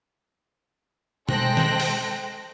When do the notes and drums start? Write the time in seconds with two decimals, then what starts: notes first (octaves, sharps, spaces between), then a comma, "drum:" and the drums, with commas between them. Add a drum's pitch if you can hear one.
1.29 G#3 A4 C5 G5 F#6 A#6, drum: tom B2
1.57 drum: snare
1.80 drum: open hi-hat